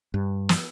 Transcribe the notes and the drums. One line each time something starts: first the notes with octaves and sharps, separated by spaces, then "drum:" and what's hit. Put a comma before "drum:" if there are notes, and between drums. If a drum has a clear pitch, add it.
G2
drum: snare